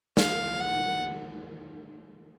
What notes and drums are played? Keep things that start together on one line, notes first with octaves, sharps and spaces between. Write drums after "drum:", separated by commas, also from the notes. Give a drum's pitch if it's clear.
F5, drum: snare
F#5